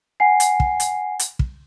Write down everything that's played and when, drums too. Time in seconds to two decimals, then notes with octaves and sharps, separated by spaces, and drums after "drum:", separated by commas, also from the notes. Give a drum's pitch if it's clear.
0.20 F#5 G#5 C7
0.40 drum: hi-hat
0.60 drum: kick
0.80 drum: hi-hat
1.19 drum: hi-hat
1.39 drum: kick